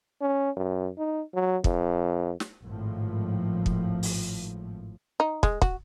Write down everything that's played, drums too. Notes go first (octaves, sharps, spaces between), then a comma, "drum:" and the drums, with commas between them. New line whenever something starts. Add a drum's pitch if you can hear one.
C#4
F#2
D#4
F#3
F2, drum: kick
drum: snare
G#1 A2 F3
drum: kick
drum: open hi-hat
D#4
G#3, drum: kick
F#4, drum: kick